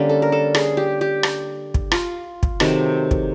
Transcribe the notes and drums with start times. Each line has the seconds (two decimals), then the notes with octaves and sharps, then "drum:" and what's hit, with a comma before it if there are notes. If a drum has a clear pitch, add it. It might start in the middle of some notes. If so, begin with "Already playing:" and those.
Already playing: D3 G3 A#3 C#4
0.09 A4
0.22 A#4
0.32 A4
0.54 G#4, drum: rim click
0.77 G4
1.01 G4
1.23 drum: rim click
1.74 drum: kick
1.91 F4, drum: rim click
2.43 drum: kick
2.60 C3 D#3 F#3 A3, drum: rim click
3.11 drum: kick